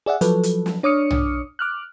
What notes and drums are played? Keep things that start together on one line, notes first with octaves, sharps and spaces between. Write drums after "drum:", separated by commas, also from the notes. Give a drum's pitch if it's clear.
G#4 D5 E5 F#5
F3 F#3 A4 B4, drum: hi-hat
drum: hi-hat
drum: snare
D4 C#5 D6 D#6 F6 C#7
drum: tom B1
D6 F6 F#6